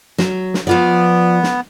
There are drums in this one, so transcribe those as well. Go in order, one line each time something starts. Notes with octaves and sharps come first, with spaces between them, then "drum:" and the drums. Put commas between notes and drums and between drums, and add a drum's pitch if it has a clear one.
F#3, drum: snare
drum: snare
F3 B3 F4 D5
drum: snare